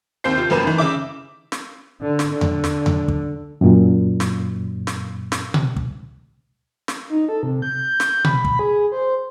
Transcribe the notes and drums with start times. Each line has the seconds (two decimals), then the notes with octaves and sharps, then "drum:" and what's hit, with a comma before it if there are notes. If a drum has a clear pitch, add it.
0.24 D#2 C4 C5 G6 C7
0.37 C3 F4
0.50 F1 F#2 A#3 B4 G#5 E7
0.63 D#3 E3
0.78 C#3 E5 D6
1.52 drum: snare
2.01 D3
2.19 drum: snare
2.30 D3
2.41 drum: tom E2
2.64 drum: snare
2.86 drum: tom E2
3.08 drum: kick
3.61 F#2 A#2
4.20 drum: snare
4.87 drum: snare
5.32 drum: snare
5.54 drum: tom B2
5.76 drum: kick
6.88 drum: snare
7.09 D#4
7.29 A4
7.43 C3
7.62 G6
8.00 drum: snare
8.24 B5, drum: tom B2
8.44 drum: kick
8.59 G#4
8.92 C5